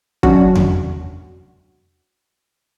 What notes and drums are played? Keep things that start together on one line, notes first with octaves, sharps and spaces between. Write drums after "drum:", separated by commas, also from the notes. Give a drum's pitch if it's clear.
F#3 C#4 D4 F#4, drum: kick
drum: tom E2